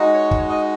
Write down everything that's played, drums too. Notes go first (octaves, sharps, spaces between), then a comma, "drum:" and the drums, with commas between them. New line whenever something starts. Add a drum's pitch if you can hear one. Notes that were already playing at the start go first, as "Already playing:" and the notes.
Already playing: G#3 D#4 F#4
C#5
drum: kick
D#5